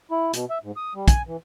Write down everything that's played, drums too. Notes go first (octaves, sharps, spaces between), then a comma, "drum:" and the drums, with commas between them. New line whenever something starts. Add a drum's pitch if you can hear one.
E4
B2, drum: hi-hat
E5
G#2
D#6
G3
G#5, drum: kick, hi-hat
E3